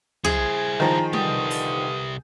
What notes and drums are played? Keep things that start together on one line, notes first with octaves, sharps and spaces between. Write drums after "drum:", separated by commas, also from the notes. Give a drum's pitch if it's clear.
E4 G#4 C5, drum: tom
D#3 F3 A#5
C2 G2 D3 G4 D#6, drum: tom
drum: open hi-hat